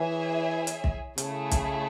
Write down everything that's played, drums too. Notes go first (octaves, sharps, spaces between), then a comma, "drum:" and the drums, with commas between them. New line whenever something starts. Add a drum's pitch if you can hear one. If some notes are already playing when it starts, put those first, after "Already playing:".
Already playing: E3 E4 G#4 C#5 E5 G#5
drum: hi-hat
drum: kick
C#3 A3 E4 G#4, drum: hi-hat
drum: kick, hi-hat